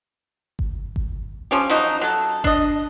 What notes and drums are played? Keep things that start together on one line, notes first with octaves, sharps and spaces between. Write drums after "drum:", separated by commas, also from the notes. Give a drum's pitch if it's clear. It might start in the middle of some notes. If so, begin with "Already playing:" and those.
drum: kick G1
drum: kick G1
F3 C#4 G4
F3 F#3 D#4
F#3 A4
D4 D#5, drum: kick G1